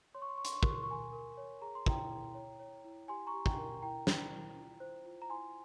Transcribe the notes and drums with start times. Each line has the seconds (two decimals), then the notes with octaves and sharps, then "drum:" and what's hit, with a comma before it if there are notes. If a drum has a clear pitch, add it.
0.15 C#5 C6
0.22 C#6
0.29 C6
0.37 C#5 C#6
0.45 C6, drum: hi-hat
0.53 C#6
0.60 C6
0.63 A#4, drum: kick
0.68 C#6
0.75 C6
0.83 C#6
0.88 A#4 G#5 C6
1.12 A#4
1.37 C#5
1.62 G#4 A#5
1.75 C6
1.86 E4 G5 A#5, drum: kick
2.10 E4
2.34 C#5
2.59 C#5
2.84 E4
3.08 G4 G#5 C6
3.27 A#5 C#6
3.34 G4
3.46 G5 A#5, drum: kick
3.58 A#4
3.82 E4 G5 A#5
4.07 C5, drum: snare
4.32 E4
4.56 F4
4.80 C5
5.05 F4
5.22 A#5
5.30 E4 G#5 C6